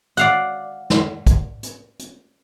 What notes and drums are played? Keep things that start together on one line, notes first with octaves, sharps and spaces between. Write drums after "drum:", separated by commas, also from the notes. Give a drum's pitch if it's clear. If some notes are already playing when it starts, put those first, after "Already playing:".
D5 F5 F#5, drum: hi-hat
drum: snare
drum: kick, hi-hat
drum: hi-hat
drum: hi-hat